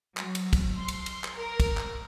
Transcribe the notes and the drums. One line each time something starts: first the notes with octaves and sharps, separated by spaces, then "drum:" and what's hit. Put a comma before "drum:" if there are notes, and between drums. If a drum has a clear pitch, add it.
F#3, drum: clap
drum: cymbal
drum: kick, cymbal
C6
drum: cymbal
drum: cymbal
drum: clap
A#4
drum: kick, cymbal
drum: clap